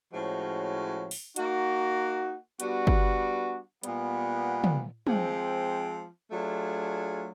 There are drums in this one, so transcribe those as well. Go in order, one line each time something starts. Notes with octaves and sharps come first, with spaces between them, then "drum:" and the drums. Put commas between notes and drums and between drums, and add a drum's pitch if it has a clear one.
A2 F3 G#3 C#4 F#4
drum: open hi-hat
A#3 D#4 F#4, drum: hi-hat
G3 B3 D4 F#4, drum: hi-hat
drum: kick
A#2 G3 B3, drum: hi-hat
drum: tom
F3 G#3 C4, drum: tom
F#3 A3 D4 F4 G#4